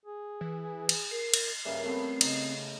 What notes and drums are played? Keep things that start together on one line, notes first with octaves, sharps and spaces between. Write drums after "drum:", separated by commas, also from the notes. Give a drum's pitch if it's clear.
G#4
E3
drum: cymbal
A#4 C7
drum: cymbal
G2 C#3 A#3 E5
A3 B3 C4 A4
C#3 D#4, drum: cymbal